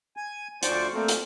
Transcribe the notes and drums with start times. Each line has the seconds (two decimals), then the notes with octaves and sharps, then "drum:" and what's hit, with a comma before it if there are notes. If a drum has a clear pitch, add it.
0.17 G#5
0.63 D2 F3 C5 D5 C#6, drum: hi-hat
0.94 A3 A#3 C4
1.08 drum: hi-hat